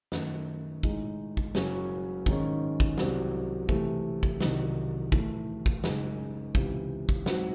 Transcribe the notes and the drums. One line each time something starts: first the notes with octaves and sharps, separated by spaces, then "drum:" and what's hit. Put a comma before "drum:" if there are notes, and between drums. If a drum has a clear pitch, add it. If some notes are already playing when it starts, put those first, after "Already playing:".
F#2 D#3 A3, drum: snare
A2 G#3 D#4, drum: kick
drum: kick
F#1 F#2 C#3 F#3 C#4, drum: snare
G#2 D#3 G#3 C#4, drum: kick
drum: kick
C2 C3 F#3 C4, drum: snare
C3 E3 A3, drum: kick
drum: kick
C2 C3 D#3 F#3, drum: snare
A2 E3 A3, drum: kick
drum: kick
F#1 F#2 C#3 G#3 D#4, drum: snare
C#2 C3 E3, drum: kick
drum: kick
G#2 F#3 C4 F#4, drum: snare